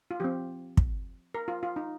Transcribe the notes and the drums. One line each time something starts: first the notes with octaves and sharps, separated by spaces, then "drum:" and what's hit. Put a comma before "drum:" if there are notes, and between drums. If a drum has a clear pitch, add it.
F4
F3 C4 G4
drum: kick
A#4
F4
F4
D#4